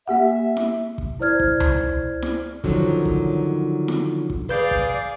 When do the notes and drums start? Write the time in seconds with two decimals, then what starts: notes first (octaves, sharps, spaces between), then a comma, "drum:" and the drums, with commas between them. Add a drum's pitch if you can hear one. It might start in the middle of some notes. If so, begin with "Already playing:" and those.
0.08 A#3 G4 E5 F#5
0.57 drum: snare E4
0.98 drum: kick
1.20 E4 C5 D5 F6 G#6
1.40 drum: kick
1.60 drum: tom C#2
2.22 drum: snare E4
2.64 D3 D#3 F3 F#3 C#4, drum: kick
3.05 drum: kick
3.88 drum: snare E4
4.30 drum: kick
4.49 G#4 B4 D5 F5 G6
4.71 drum: kick